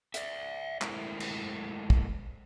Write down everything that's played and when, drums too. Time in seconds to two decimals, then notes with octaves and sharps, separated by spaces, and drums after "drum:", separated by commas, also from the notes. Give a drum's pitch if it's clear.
0.14 D5 E5, drum: hi-hat
0.81 G#3 A3 E4 A#4 C5, drum: clap
1.20 drum: cymbal
1.90 drum: kick